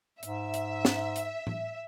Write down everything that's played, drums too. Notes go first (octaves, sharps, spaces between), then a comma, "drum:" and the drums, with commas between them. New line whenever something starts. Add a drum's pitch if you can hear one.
G#2 E5, drum: hi-hat
drum: hi-hat
drum: snare
drum: hi-hat
drum: tom A2